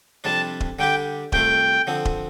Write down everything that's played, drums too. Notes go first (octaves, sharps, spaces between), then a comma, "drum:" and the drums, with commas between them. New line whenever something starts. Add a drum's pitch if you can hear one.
F2 C3 G3 D4 A5
drum: kick D#1
D3 G3 D4 G4 G5
C2 C3 A3 F4 G5, drum: kick D#1
D3 F3 C4
drum: kick D#1